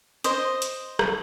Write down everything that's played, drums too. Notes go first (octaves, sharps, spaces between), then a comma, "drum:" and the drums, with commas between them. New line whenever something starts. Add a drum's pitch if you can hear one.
C5 D#5, drum: hi-hat
drum: hi-hat
drum: rim click